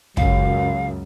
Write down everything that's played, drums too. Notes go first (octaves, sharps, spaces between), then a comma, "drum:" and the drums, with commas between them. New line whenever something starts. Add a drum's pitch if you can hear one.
C#2 F#2 C#3 F5, drum: kick